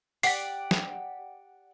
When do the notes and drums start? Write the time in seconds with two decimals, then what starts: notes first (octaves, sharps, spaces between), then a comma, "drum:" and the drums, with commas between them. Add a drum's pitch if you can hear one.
0.23 G4 D5 F#5 B6 C7, drum: open hi-hat
0.71 drum: snare